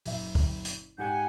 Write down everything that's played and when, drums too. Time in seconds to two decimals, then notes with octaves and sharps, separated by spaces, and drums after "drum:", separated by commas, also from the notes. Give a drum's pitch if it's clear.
0.06 F#1 E5, drum: open hi-hat
0.35 drum: kick C#2, open hi-hat
0.65 drum: hi-hat
0.98 G#2 G4 F#5 G#5 G6 G#6